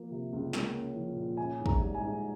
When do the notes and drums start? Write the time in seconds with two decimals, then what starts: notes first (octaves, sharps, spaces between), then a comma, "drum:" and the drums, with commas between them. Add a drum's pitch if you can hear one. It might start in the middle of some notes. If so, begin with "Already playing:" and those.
Already playing: F3 A#3
0.11 C3
0.33 C#2
0.53 A#3, drum: snare
0.75 C#4
0.95 F3
1.16 A#2
1.37 C#4 G#5
1.59 G#2
1.66 A#5, drum: kick
1.80 G3
1.94 G#5
2.00 G#2